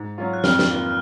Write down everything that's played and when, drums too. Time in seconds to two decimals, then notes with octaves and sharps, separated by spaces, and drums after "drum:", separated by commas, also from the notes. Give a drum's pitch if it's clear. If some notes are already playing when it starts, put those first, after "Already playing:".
Already playing: G#2
0.18 F#3 C#4 F4
0.34 F#6
0.44 F2 F6, drum: snare
0.59 drum: snare
0.70 D#3 A#3 F4 B4